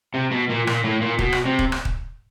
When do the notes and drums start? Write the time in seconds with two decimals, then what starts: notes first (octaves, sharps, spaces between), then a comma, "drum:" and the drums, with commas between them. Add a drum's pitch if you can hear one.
0.14 C3
0.31 B2
0.49 A#2
0.67 A#2, drum: rim click
0.84 A2
1.01 A#2
1.19 B2, drum: kick
1.32 drum: rim click
1.45 C3
1.59 drum: kick
1.72 drum: rim click
1.85 drum: kick